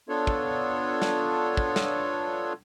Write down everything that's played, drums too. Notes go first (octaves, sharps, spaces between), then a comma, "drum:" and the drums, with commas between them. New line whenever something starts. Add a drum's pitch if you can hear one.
B3 D4 F4 A4 C#5
drum: kick
drum: snare
drum: kick
drum: snare